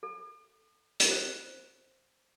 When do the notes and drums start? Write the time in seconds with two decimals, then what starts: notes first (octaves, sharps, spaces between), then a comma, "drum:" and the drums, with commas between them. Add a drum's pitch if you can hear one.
0.03 A4
1.00 drum: hi-hat
1.11 C5